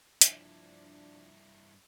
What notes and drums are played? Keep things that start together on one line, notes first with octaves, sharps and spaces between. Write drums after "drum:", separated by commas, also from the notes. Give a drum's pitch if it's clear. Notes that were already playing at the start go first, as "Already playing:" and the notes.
G2 F3 D4 E4, drum: hi-hat